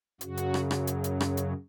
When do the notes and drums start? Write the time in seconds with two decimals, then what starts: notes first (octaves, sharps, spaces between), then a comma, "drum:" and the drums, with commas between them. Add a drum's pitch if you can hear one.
0.21 F#2 C#3 F#3 F#4, drum: hi-hat
0.37 drum: hi-hat
0.54 drum: rim click
0.71 drum: rim click
0.87 drum: hi-hat
1.04 drum: hi-hat
1.21 drum: rim click
1.37 drum: hi-hat